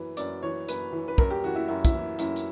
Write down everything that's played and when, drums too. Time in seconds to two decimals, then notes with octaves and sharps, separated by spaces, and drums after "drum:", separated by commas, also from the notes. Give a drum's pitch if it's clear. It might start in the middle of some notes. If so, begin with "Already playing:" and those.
Already playing: F#2 E3 B4
0.17 F#2 D5, drum: hi-hat
0.43 E3 C#5
0.68 F#2 B4, drum: hi-hat
0.93 E3
1.08 B4
1.18 F#2 A#4, drum: kick
1.30 G4
1.44 E3 F#4
1.56 E4
1.68 F#2 E4
1.85 E4, drum: kick, hi-hat
1.94 E3
2.19 F#2 E4, drum: hi-hat
2.36 drum: hi-hat